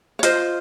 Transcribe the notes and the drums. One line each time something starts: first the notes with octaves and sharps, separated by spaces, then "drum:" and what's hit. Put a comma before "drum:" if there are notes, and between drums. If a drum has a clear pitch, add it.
C#5
F4 C5 D#5, drum: hi-hat